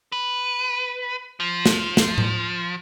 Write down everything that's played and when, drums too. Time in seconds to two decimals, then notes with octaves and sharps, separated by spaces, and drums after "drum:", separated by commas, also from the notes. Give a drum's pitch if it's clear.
0.12 B4
1.40 F3
1.66 drum: snare
1.97 drum: snare
2.18 drum: tom A2